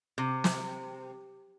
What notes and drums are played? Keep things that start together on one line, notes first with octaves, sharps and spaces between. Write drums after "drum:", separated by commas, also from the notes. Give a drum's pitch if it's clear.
C3
drum: snare